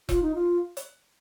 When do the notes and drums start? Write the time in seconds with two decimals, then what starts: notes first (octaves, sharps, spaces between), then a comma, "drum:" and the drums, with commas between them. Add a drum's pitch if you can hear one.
0.09 F4, drum: kick E1, hi-hat
0.22 D#4
0.35 F4
0.77 drum: hi-hat